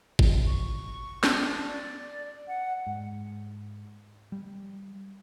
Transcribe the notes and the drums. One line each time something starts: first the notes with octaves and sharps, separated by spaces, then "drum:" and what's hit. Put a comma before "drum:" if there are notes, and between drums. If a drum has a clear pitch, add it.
drum: kick
C#6
D4, drum: snare
D5
F#5
G#2
G3